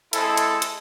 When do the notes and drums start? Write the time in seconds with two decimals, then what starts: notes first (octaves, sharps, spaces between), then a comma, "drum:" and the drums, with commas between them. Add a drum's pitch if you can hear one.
0.13 G#3 C4 E4 G#4 A4, drum: hi-hat
0.37 drum: hi-hat
0.62 drum: hi-hat